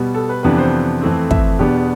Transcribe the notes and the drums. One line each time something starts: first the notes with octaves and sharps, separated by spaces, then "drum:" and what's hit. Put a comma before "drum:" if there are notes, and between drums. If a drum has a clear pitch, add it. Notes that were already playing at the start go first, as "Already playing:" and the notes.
Already playing: B2 G3 B3
A4
B4
F2 C3 E3 B3 D4 B4
C5
F2 E3 A3 C4
E5, drum: kick
E2 B2 B3 D4 G4